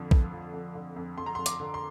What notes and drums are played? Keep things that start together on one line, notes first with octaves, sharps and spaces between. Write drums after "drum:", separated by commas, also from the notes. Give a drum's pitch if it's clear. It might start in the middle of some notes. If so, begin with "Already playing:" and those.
Already playing: F2 D3 F3
F2, drum: kick
F3
F2
D3
F2
F2 C6
A#5
C6
F2
D6, drum: hi-hat
D3
C6